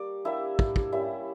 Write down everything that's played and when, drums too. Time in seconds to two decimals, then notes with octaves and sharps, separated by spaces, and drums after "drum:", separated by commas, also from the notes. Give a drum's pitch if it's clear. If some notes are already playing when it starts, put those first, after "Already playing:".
Already playing: G3 A#3 D5
0.25 G3 A#3 D4 E4 E5
0.59 drum: kick
0.76 drum: kick
0.92 G3 A#3 C#4 E4 E5